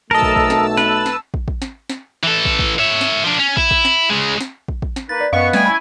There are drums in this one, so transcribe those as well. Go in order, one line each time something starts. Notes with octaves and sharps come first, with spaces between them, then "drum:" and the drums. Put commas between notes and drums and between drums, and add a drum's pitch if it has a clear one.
B1 A3 A#4 D#5 A5 E6
drum: kick
drum: kick
drum: snare
B4, drum: snare
drum: snare
drum: kick
drum: kick
drum: snare
drum: snare
E3 A4
drum: kick
drum: kick
C#5 E5
drum: snare
F3 D4
C#4
E4, drum: kick
drum: kick
drum: snare
C#3 G#3
drum: snare
drum: kick
drum: kick
drum: snare
A#3 D#4 B4 A6
D5
F#2 B3 D#5 F5 C#6
G3 A3 G5 G#5, drum: snare
C#4 E4 B5